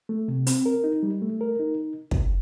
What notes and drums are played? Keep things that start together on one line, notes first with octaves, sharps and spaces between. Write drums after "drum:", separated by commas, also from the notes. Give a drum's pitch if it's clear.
A3
C3
C4, drum: hi-hat
A#4
D#4
G3
A3
A#4
D#4
drum: kick